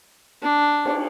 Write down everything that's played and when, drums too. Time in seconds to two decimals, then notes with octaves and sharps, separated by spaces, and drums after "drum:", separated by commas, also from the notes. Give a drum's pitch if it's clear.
0.43 D4
0.85 drum: cymbal